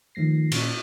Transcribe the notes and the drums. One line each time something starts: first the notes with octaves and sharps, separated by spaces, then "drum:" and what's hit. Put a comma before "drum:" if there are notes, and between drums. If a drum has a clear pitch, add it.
D#3 F3 A3 A#6 C7
A#2 C#4, drum: cymbal